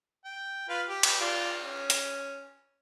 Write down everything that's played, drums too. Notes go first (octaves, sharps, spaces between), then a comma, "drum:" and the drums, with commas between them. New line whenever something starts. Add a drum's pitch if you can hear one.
G5
F4 B4 F5
G4
drum: cymbal
F4 D5
C#4
drum: hi-hat